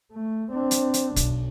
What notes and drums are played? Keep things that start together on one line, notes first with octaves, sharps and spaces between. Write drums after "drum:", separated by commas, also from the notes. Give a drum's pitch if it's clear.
A3
C4 D4
drum: hi-hat
drum: hi-hat
B1, drum: kick, hi-hat